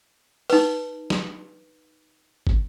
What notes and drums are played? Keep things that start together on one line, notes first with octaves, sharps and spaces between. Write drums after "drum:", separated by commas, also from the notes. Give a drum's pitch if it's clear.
D#4 B4, drum: open hi-hat
drum: snare
drum: kick